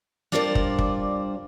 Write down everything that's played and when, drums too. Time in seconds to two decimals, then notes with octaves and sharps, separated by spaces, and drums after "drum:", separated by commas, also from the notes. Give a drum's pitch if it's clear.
0.32 G3 D4 F4 A#4 C5 D5
0.55 drum: kick
0.79 drum: kick